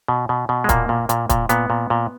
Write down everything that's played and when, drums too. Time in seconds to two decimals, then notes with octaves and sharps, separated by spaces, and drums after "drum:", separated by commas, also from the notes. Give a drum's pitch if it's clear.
0.08 B2
0.29 B2
0.49 B2
0.64 G#3
0.69 A#2 A#3, drum: kick, hi-hat
0.89 A#2
1.09 A#2, drum: hi-hat
1.29 A#2, drum: kick, hi-hat
1.49 A#2 B3, drum: hi-hat
1.70 A#2
1.90 A#2